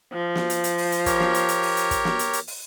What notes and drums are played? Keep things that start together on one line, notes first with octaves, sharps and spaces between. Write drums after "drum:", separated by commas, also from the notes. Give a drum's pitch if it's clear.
F3
drum: snare
drum: hi-hat
drum: hi-hat
drum: open hi-hat
drum: hi-hat
G4 A#4 C#5, drum: kick, hi-hat
drum: snare
drum: hi-hat
drum: hi-hat
drum: open hi-hat
drum: hi-hat
drum: kick, hi-hat
drum: snare
drum: hi-hat
drum: hi-hat
drum: open hi-hat